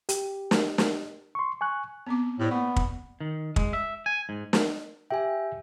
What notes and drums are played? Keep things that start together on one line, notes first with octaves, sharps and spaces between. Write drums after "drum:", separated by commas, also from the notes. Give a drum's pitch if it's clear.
G4, drum: hi-hat
drum: snare
drum: snare
C6 C#6
G#5 C#6 F#6
B3 C4 D6
A2 G4 C5 D5
A#3 B3 C#6
drum: kick
D#3
G#3, drum: kick
E5
G#5
G#2
drum: snare
G4 E5 G5 G#5